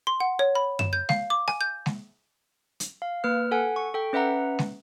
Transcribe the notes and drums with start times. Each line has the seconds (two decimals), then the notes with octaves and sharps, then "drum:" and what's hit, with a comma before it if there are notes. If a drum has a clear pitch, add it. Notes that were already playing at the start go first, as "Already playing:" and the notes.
0.07 C6
0.20 F#5
0.39 C#5
0.55 B5
0.79 E7, drum: tom F#2
0.93 G6
1.09 F5, drum: snare G#3
1.30 D6
1.48 G#5, drum: rim click
1.61 G6
1.86 drum: snare G#3
2.80 drum: hi-hat
3.02 F5
3.24 A#3 B4 F6
3.51 A4 F#5 G#5
3.76 C#6
3.94 A4 G5
4.13 C#4 B4 E5 F#5 A#5
4.59 drum: snare G#3